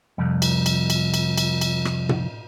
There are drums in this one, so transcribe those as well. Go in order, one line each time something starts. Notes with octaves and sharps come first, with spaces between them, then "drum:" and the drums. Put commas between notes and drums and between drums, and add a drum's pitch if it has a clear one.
C2 F2
drum: cymbal
drum: cymbal
drum: cymbal
drum: cymbal
drum: cymbal
drum: cymbal
drum: rim click
drum: tom